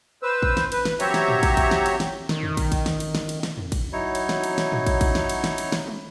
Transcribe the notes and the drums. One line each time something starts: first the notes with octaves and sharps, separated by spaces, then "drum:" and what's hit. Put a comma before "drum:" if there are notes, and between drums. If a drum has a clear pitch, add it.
B4 C5 E6
drum: kick
drum: snare
B4, drum: cymbal
drum: snare
F#3 C4 G4 C#5 E5 A#5, drum: cymbal
drum: snare
drum: tom G#2
drum: kick, cymbal
drum: kick, cymbal
drum: snare
drum: cymbal
drum: snare
D#3, drum: snare
drum: tom E2
drum: kick, cymbal
drum: kick, cymbal
drum: snare
drum: cymbal
drum: snare
drum: cymbal
drum: snare
drum: tom E2
drum: kick, cymbal
F#3 D#4 E4 C#5
drum: cymbal
drum: snare
drum: cymbal
drum: snare
drum: tom G#2
drum: kick, cymbal
drum: kick, cymbal
drum: snare
drum: cymbal
drum: snare
drum: cymbal
drum: snare
drum: tom G3